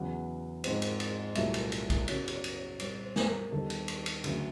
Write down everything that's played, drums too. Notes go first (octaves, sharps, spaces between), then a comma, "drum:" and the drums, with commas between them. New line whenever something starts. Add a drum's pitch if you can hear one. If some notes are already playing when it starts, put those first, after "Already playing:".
Already playing: E2 C#3 F#3 F#5
G#2 F3 G#3 C4, drum: cymbal
drum: cymbal
drum: cymbal
C2 A#2 F#3 A3 E5, drum: cymbal
drum: cymbal
drum: cymbal
drum: kick A#1, cymbal
F#2 C#3 F#3 B3 C#5, drum: cymbal
D5, drum: cymbal
C#5
drum: cymbal
C#5
A#2 G3 C4 C#5, drum: cymbal
C5
drum: snare
A#4
D#2 D#3 G3 B3 D4 A4
drum: cymbal
drum: cymbal
drum: cymbal
D2 C#3 F#3 A3, drum: cymbal